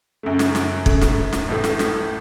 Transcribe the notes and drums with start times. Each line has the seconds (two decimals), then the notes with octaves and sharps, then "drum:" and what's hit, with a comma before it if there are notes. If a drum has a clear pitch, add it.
0.23 F#2 C#3 A3
0.39 drum: snare
0.55 drum: snare
0.86 F#2 C#3 A3, drum: kick
1.01 drum: snare
1.33 drum: snare
1.48 A1 A2 A3
1.64 drum: snare
1.79 drum: snare